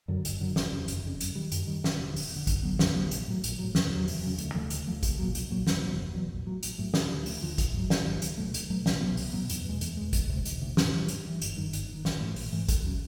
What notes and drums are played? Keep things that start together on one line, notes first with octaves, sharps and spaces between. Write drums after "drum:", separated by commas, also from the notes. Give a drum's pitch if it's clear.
F#2 D3 F#3
G1, drum: hi-hat
F#2 D3 F#3
F#1, drum: snare
F2 C#3
F#1, drum: hi-hat
F2 C#3
F#2, drum: hi-hat
D#3 G3
F#2, drum: hi-hat
D#3 G3
E1, drum: snare
D2
D3
E1, drum: open hi-hat
D2
D3
F#2, drum: kick A1, hi-hat
D3 F#3 B3
F#2, drum: snare
D3 F#3 B3
A#1, drum: hi-hat
A2 F#3
A#1, drum: hi-hat
A2 F#3
E2, drum: snare
C#3 F#3
E2, drum: open hi-hat
C#3 F#3
D2, drum: hi-hat
C#3 F3 A3
D2, drum: hi-hat
C#3 F3 A3
C2, drum: kick A1, hi-hat
A#2 F#3
C2, drum: hi-hat
A#2 F#3
F#1, drum: snare
E2 B2 F#3
F#1
E2 B2 F#3
A#1
A2 F#3
A#1, drum: hi-hat
A2 F#3
D2, drum: snare
D3 F3
D2, drum: open hi-hat
D3 F3
A#1, drum: kick A1, hi-hat
G#2 D#3 F#3
A#1, drum: snare
G#2 D#3 F#3
C#2, drum: hi-hat
B2 F#3 A3
C#2, drum: hi-hat
B2 F#3 A3
C2, drum: snare
B2 F#3 B3
C2, drum: open hi-hat
B2 F#3 B3
E2, drum: hi-hat
B2 G#3
E2, drum: hi-hat
B2 G#3
E1, drum: kick A1, hi-hat
D2 C3
E1, drum: hi-hat
D2 C3
G2, drum: snare
E3 G3
G2, drum: hi-hat
E3 G3
G1, drum: hi-hat
G2 D#3
G1, drum: hi-hat
G2
D#3
A#1, drum: snare
G#2 E3 A3
A#1, drum: open hi-hat
G#2 E3 A3
G#1, drum: kick A1, hi-hat
C#3 F#3